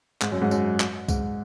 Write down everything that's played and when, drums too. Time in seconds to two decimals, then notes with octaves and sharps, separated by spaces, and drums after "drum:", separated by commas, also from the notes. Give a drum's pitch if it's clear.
0.22 G#2, drum: clap
0.32 F#2
0.42 G#2
0.51 F#2, drum: tambourine
0.80 drum: clap
1.09 G#2, drum: kick C2, tambourine